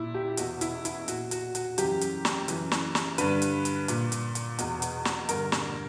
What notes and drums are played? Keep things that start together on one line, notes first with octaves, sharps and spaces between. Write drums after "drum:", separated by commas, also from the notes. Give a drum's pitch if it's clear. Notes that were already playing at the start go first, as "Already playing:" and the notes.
Already playing: A#2 E4
G4
E2 B2 F#4, drum: hi-hat
E4, drum: hi-hat
E4, drum: hi-hat
A#2 F#4, drum: hi-hat
F#4, drum: hi-hat
F#4, drum: hi-hat
F#2 C#3 E3 G4, drum: hi-hat
drum: hi-hat
drum: snare
F#2 C#3 E3, drum: hi-hat
drum: snare
drum: snare
G2 D3 B4, drum: hi-hat
drum: hi-hat
drum: hi-hat
A#2, drum: hi-hat
drum: hi-hat
drum: hi-hat
E2 B2, drum: hi-hat
drum: hi-hat
drum: snare
G2 D3 A#4, drum: hi-hat
drum: snare